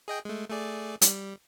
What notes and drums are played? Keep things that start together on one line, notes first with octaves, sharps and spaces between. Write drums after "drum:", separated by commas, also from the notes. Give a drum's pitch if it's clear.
G#4 D#5 G5
G#3 A3
A3 G#4 D5
G3, drum: hi-hat